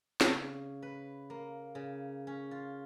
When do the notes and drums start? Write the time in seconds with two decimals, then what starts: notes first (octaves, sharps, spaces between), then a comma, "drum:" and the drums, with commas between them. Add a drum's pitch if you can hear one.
0.21 C#3, drum: snare
0.82 B4
1.30 A#3
1.75 C#3
2.27 C#4
2.51 F4